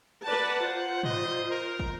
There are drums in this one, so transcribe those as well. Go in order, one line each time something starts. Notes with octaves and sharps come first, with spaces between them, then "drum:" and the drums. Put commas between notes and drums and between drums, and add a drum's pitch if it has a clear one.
A#4 B4 D5 F#5 A5
F4 C5
G3 D#4 D#5, drum: tom G#2
A#4
drum: kick